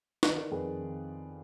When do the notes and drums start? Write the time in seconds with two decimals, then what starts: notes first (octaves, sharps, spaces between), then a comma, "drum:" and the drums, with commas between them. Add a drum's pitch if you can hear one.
0.23 D#3 B4 D#5, drum: snare
0.37 D#3 A#4 D5
0.51 F2 G#4 B4
0.66 D#3
0.80 D#3